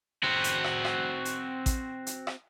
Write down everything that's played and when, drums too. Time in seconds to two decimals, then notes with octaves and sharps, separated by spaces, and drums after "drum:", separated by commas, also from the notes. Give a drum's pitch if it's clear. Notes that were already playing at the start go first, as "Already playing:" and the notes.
0.24 C4 F#4
0.44 drum: hi-hat
0.64 drum: rim click
0.85 drum: rim click
1.25 drum: hi-hat
1.66 drum: kick A1, hi-hat
2.07 drum: hi-hat
2.27 drum: rim click